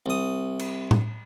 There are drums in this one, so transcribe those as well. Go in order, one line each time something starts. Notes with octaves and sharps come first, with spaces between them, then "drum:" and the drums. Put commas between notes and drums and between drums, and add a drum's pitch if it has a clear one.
C2 D#6
drum: cymbal
drum: tom